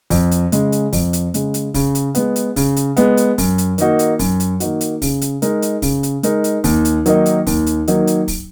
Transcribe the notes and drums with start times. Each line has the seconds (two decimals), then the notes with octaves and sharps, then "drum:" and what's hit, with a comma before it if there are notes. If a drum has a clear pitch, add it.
0.10 F2, drum: kick, open hi-hat
0.31 drum: hi-hat
0.52 C#3 G#3, drum: hi-hat
0.72 drum: hi-hat
0.93 F2, drum: kick, open hi-hat
1.13 drum: hi-hat
1.34 C#3 G#3, drum: hi-hat
1.54 drum: hi-hat
1.74 C#3, drum: kick, open hi-hat
1.95 drum: hi-hat
2.15 G#3 B3, drum: hi-hat
2.36 drum: hi-hat
2.56 C#3, drum: kick, open hi-hat
2.76 drum: hi-hat
2.97 G#3 B3, drum: hi-hat
3.17 drum: hi-hat
3.38 F#2, drum: kick, open hi-hat
3.58 drum: hi-hat
3.78 D#3 A#3 D#4 F#4, drum: hi-hat
3.99 drum: hi-hat
4.19 F#2, drum: kick, open hi-hat
4.40 drum: hi-hat
4.60 D#3 A#3 D#4 F#4, drum: hi-hat
4.81 drum: hi-hat
5.02 C#3, drum: kick, open hi-hat
5.21 drum: hi-hat
5.42 G#3 D#4 A#4, drum: hi-hat
5.62 drum: hi-hat
5.82 C#3, drum: kick, open hi-hat
6.03 drum: hi-hat
6.23 G#3 D#4 A#4, drum: hi-hat
6.44 drum: hi-hat
6.64 D#2, drum: kick, open hi-hat
6.85 drum: hi-hat
7.06 D#3 F#3 A#3 D#4, drum: hi-hat
7.26 drum: hi-hat
7.47 D#2, drum: kick, open hi-hat
7.66 drum: hi-hat
7.88 D#3 F#3 A#3 D#4, drum: hi-hat
8.07 drum: hi-hat
8.28 drum: kick, open hi-hat